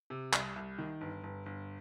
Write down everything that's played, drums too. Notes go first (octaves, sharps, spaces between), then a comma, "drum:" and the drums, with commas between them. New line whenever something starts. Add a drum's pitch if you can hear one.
C3
C2, drum: clap
C2
D#3
G1
G1
G1